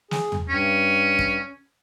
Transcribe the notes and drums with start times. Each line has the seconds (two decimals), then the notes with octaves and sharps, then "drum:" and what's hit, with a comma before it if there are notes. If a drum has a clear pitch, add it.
0.11 G#4, drum: snare
0.32 drum: tom
0.49 G2 C#4
1.19 drum: kick